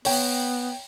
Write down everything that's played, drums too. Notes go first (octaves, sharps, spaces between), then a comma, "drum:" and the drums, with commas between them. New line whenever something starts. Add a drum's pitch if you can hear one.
B3 C#5 G5, drum: open hi-hat